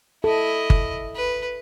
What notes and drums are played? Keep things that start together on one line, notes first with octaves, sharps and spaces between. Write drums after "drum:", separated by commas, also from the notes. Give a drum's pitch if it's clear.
E4 A4 D#5
drum: kick G1
B4